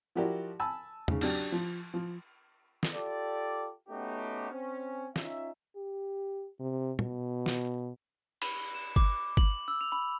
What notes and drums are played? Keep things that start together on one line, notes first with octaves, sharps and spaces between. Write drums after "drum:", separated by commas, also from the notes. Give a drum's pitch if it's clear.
F3 E4 F#4 G4 A#4 D5
G#5 A5 B5 E6
G#2 C#3, drum: tom E2
F#3 D4 G4, drum: cymbal
F3
F3
drum: snare
F4 G4 A4 D5
A3 B3 C#4 D#4 F#4 G4
C4 C#4
C#4 D#4 F4 E5, drum: snare
G4
C3
B2, drum: tom
drum: snare
B5, drum: cymbal
E7
D6, drum: kick G1
F#7, drum: kick G1
E6
F7
B5